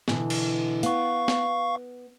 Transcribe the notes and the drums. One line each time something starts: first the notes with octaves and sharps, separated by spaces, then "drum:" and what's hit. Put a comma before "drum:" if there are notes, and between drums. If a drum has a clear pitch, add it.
B2 D3 E3, drum: snare B3
drum: cymbal
B3 F5 C#6, drum: hi-hat
drum: snare B3